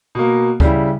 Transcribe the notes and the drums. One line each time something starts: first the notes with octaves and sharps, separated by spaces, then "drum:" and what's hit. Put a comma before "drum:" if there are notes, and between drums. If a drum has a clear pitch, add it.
B2 A#3
C#3 G3 E4, drum: kick D2